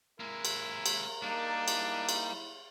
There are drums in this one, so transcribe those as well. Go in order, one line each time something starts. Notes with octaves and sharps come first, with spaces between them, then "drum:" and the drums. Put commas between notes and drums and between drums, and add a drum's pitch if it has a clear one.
G#3 A#3 E4 A#4
drum: cymbal
drum: cymbal
G3 A#3 D4 D#4
E4, drum: cymbal
drum: cymbal